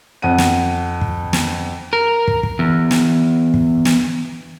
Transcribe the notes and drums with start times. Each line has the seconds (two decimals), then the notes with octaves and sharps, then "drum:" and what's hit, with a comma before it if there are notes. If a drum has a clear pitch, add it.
0.22 F2 F#5 D#7
0.38 drum: snare
1.01 drum: kick
1.33 drum: snare
1.93 A#4
2.28 drum: kick
2.43 drum: kick
2.59 E2
2.91 drum: snare
3.54 drum: kick
3.85 drum: snare